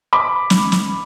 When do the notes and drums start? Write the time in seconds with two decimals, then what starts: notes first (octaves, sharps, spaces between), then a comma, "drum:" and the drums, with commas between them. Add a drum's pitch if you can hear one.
0.13 B5 D6
0.50 drum: snare
0.72 drum: snare